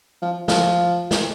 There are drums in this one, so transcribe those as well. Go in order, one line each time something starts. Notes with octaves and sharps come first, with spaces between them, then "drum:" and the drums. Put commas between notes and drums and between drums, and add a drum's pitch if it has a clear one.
F3
F3, drum: snare
drum: snare